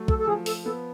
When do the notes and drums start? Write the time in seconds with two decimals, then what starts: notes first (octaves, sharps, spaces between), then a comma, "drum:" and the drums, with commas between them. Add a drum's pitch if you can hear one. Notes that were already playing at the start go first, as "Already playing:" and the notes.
Already playing: F#3 A3
0.08 A4, drum: kick
0.19 A4
0.27 F3 G#4
0.46 A4, drum: open hi-hat
0.65 B3 A4